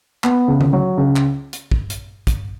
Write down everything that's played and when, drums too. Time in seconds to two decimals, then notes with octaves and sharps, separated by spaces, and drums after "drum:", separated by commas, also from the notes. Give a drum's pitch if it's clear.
0.24 B3, drum: clap
0.48 C#2
0.61 drum: tom D3
0.73 F#3
0.98 C#2
1.16 drum: clap
1.53 drum: hi-hat
1.72 drum: kick
1.90 drum: hi-hat
2.27 drum: kick, hi-hat